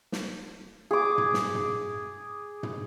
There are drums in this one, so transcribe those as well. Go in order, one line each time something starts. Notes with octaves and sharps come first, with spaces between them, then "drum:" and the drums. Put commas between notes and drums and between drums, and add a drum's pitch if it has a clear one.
drum: snare
G#4 D6
drum: tom
drum: snare
drum: tom
drum: tom